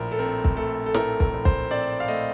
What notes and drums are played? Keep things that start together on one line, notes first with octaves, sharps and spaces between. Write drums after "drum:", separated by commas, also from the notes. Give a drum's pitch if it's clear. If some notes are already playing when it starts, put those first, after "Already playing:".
Already playing: A#1 A2 A#4
A4
C4 A#4
drum: kick
A3 A4
A4
A2 A#4, drum: snare
A#4, drum: kick
A#1
C5, drum: kick
C4 D5
F5
A3 D#5